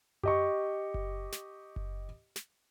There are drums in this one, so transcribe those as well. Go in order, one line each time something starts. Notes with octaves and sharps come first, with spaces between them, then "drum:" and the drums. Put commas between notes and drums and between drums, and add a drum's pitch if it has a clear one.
G4 D#5 C#6, drum: tom F#2
drum: kick F#1
drum: snare
drum: kick F#1
drum: snare